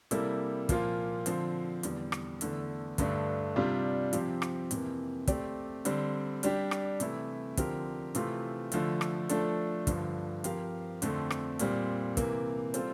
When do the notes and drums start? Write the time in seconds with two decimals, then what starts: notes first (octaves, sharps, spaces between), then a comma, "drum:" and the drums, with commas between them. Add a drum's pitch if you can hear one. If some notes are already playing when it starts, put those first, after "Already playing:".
0.11 C3 G3 A#3 E4 A4, drum: hi-hat
0.69 A#2 F3 A#3 F4, drum: kick, hi-hat
1.26 D3 F3 C4, drum: hi-hat
1.83 E2 D3 G3, drum: hi-hat
2.12 drum: rim click
2.41 E2 D3 A3, drum: hi-hat
2.98 G2 D3 A3 D4, drum: kick, hi-hat
3.56 C3 G3 D4 F4
4.13 C3 F3 C4 G4, drum: hi-hat
4.42 drum: rim click
4.71 F2 C3 E3 A#3, drum: hi-hat
5.27 A3 C4 G4 D5, drum: kick, hi-hat
5.85 D3 G3 C4, drum: hi-hat
6.43 G3 D4 G4, drum: hi-hat
6.71 drum: rim click
7.00 C3 E3 A3 E4, drum: hi-hat
7.57 D3 F3 C4 G4 A#4, drum: kick, hi-hat
8.15 C3 E3 A3 C4 F4, drum: hi-hat
8.72 D3 F3 A3, drum: hi-hat
9.01 drum: rim click
9.29 F3 A3 D4 A4, drum: hi-hat
9.87 G2 D3 F3, drum: kick, hi-hat
10.44 F3 C4 G4 A#4 F5, drum: hi-hat
11.02 F2 D3 A3 C4, drum: hi-hat
11.30 drum: rim click
11.59 A#2 G3 C4, drum: hi-hat
12.17 C3 E3 A#3, drum: kick, hi-hat
12.74 G3 C4 F4 A4 C5, drum: hi-hat